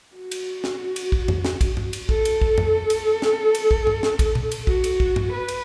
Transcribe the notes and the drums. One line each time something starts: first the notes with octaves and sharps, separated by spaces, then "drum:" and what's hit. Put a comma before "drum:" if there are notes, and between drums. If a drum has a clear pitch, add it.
F#4
drum: cymbal
drum: snare
drum: cymbal
drum: kick
drum: tom F2
drum: snare
drum: kick, cymbal
drum: tom G2
drum: cymbal
A4, drum: kick
drum: cymbal
drum: kick
drum: tom F2
drum: cymbal
drum: snare
drum: cymbal
drum: kick
drum: tom G2
drum: snare
drum: kick, cymbal
drum: tom A#2
drum: cymbal
F#4, drum: kick
drum: cymbal
drum: kick
drum: tom G2
B4
drum: cymbal